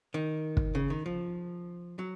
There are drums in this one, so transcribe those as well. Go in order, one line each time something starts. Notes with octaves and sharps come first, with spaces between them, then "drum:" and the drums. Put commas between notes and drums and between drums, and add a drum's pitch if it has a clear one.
D#3
drum: kick
C#3
D#3
F3
F#3